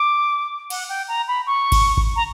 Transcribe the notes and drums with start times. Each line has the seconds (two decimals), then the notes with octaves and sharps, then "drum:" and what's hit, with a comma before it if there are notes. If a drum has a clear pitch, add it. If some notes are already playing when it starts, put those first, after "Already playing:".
Already playing: D6
0.70 F#5, drum: cymbal
0.89 G5
1.08 A#5
1.28 B5
1.47 C#6
1.72 drum: kick G#1, cymbal
1.97 drum: kick G#1
2.16 A#5